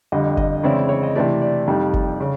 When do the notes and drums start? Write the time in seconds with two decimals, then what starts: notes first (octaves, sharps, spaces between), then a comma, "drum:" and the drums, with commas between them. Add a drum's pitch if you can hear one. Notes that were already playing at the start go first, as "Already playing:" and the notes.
0.12 F2 D3 G3 D#5
0.37 D#5, drum: kick F#1
0.63 C#3 E3 G#3 C4 E4 D5
0.89 C#5
1.03 D#5
1.16 C3 E3 A3 D5
1.42 D5
1.67 F2 C3 D#3 G3
1.94 drum: kick F#1
2.20 C#3